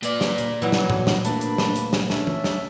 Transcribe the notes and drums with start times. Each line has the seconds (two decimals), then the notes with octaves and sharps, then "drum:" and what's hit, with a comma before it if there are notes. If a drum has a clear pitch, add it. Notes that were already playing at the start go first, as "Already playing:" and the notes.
0.03 A#2 B4 D5, drum: hi-hat
0.21 drum: snare
0.38 drum: hi-hat
0.62 E3 F#3 F#5
0.72 drum: snare
0.90 drum: tom A2
1.07 drum: snare
1.25 A3 A#3 D4 B4 B5, drum: hi-hat
1.41 drum: hi-hat
1.58 drum: snare
1.76 drum: hi-hat
1.93 drum: snare
2.10 C#4 D4 E5, drum: snare
2.27 drum: tom E3
2.44 drum: snare